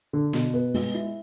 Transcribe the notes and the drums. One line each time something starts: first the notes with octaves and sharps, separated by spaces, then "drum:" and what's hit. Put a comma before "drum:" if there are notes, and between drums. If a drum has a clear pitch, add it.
D3
B2, drum: snare
B3
G#3, drum: open hi-hat
E4